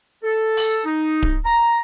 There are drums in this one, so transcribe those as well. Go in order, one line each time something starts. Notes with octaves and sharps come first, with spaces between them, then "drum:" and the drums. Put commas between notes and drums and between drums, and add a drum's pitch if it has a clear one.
A4
drum: open hi-hat
D#4
drum: kick D1
A#5